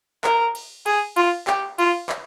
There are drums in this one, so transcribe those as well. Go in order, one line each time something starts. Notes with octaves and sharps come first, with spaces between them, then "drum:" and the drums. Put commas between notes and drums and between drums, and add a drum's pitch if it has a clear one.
A#4, drum: clap
drum: cymbal
G#4, drum: cymbal
F4, drum: cymbal
G4, drum: clap
F4, drum: cymbal
drum: clap